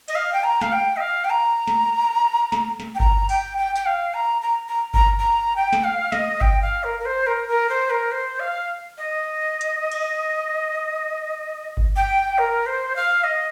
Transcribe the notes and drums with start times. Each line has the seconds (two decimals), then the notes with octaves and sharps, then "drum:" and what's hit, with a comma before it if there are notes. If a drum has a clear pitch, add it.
0.08 D#5, drum: cymbal
0.15 F5
0.33 G5
0.44 A#5
0.61 F5, drum: snare
0.72 G5
0.96 D#5
1.00 F5
1.24 G5
1.30 A#5
1.67 drum: snare
2.52 drum: snare
2.80 drum: snare
2.95 G5
3.00 A#5, drum: kick G1
3.29 G5, drum: open hi-hat
3.58 G5
3.76 G5, drum: tambourine
3.86 F5
4.14 A#5
4.42 A#5
4.68 A#5
4.94 A#5, drum: kick G1
5.19 A#5
5.56 G5
5.73 drum: snare
5.84 F5
6.12 D#5, drum: snare
6.41 G5, drum: kick G1
6.62 F5
6.84 A#4
7.00 A#4
7.06 C5
7.27 A#4
7.49 A#4
7.69 C5
7.90 A#4
8.12 C5
8.40 F5
8.98 D#5
9.61 drum: hi-hat
9.92 drum: cymbal
11.77 drum: kick G1
11.96 G5
12.38 A#4
12.66 C5
12.96 F5
13.24 D#5